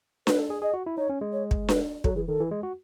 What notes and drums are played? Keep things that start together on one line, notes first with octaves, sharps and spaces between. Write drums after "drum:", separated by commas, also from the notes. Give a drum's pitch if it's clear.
B4, drum: snare D4
A4
G#4
G#4 D#5
F#4
E4
D#4 C#5
C#4
G#3
C#5
drum: kick
B4, drum: snare D4
F#3 A4, drum: kick
E3 G#4
D#3 A4
E3
G#3
F#4